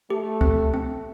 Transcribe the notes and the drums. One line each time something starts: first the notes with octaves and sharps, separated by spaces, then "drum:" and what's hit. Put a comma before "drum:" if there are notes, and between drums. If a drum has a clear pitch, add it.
A3 G4
C4, drum: kick C#2
C4